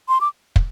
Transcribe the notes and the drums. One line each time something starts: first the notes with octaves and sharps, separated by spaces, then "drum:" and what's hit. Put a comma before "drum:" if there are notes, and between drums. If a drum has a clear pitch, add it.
C6
D6
drum: kick